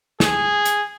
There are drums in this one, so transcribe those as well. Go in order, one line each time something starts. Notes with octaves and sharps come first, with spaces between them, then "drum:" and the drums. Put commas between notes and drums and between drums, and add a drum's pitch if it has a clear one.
G#4, drum: snare
drum: hi-hat